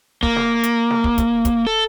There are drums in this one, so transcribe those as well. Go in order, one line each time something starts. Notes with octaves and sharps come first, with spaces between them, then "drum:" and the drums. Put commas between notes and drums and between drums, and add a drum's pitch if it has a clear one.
A#3, drum: kick
drum: snare
drum: hi-hat
drum: snare
drum: kick
drum: kick, hi-hat
drum: kick, hi-hat
A4